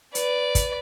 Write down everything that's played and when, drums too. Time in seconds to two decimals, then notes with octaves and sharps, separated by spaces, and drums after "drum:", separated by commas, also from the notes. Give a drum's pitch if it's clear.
0.15 B4 D5, drum: hi-hat
0.55 drum: kick, hi-hat